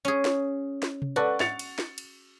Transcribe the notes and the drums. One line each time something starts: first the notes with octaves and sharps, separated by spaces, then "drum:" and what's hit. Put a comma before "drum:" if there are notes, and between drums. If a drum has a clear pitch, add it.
C#4 G#4
drum: snare
drum: snare
drum: tom C3
F#4 A4 B4 D5 F#5
A6 C#7 F7, drum: snare
drum: cymbal
drum: snare
drum: cymbal